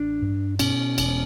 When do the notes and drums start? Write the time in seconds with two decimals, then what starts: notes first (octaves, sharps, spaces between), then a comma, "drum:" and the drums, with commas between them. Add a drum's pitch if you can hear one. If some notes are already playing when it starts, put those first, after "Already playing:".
Already playing: A1 D4
0.22 G2
0.59 B2 C#4, drum: cymbal
0.98 E1, drum: cymbal